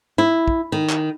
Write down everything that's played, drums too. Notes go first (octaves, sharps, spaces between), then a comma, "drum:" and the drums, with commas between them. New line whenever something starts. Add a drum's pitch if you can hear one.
E4
drum: kick
D#3
drum: clap